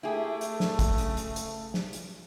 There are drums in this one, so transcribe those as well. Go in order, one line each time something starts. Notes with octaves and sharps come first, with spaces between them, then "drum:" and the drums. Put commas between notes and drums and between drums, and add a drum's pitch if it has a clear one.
A3 E4 G4 G#4
drum: hi-hat
drum: snare
drum: kick, hi-hat
C#3, drum: hi-hat
drum: hi-hat
drum: hi-hat
drum: snare
drum: hi-hat